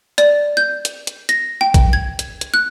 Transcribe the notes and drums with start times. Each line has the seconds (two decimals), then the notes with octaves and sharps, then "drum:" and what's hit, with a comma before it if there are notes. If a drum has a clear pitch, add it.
0.18 D5, drum: hi-hat
0.57 G6
0.85 drum: hi-hat
1.07 drum: hi-hat
1.29 A#6, drum: hi-hat
1.61 G5
1.74 drum: kick, hi-hat
1.93 G#6
2.19 drum: hi-hat
2.41 drum: hi-hat
2.54 F#6